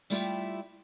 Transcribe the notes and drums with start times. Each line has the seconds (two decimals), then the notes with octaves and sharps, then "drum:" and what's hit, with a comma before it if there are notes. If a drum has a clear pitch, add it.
0.10 G3 A3 E4 F4 G4 E5, drum: tambourine